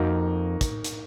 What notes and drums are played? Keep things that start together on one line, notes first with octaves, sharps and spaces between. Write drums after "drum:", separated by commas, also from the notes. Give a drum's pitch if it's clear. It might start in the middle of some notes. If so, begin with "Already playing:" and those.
Already playing: F2 A#3 D#4 F#4
drum: kick, hi-hat
drum: hi-hat